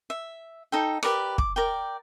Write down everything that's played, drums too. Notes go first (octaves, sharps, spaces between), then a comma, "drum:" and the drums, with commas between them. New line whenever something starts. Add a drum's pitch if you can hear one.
E5
D#4 A4 G5
G4 A#4 B4 D5, drum: rim click
D6, drum: kick
A#4 D5 G5